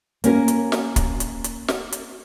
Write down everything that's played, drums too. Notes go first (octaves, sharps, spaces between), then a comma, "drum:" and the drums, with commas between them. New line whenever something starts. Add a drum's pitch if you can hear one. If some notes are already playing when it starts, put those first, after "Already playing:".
A#3 C#4 A#4, drum: hi-hat
drum: hi-hat
drum: snare
drum: kick, hi-hat
drum: hi-hat
drum: hi-hat
drum: snare
drum: hi-hat